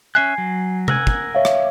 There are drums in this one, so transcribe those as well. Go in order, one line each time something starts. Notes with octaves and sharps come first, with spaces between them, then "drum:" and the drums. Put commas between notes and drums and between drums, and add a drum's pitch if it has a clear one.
C#4 E5 G#5 F#6 G#6 C7
F#3
A#4 F#5 G#5 E6, drum: tom C3
drum: kick
C#5 E5 F5
drum: rim click